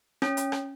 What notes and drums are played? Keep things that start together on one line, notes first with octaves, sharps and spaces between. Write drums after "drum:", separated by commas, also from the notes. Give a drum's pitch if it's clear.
C#4, drum: rim click
drum: hi-hat
drum: rim click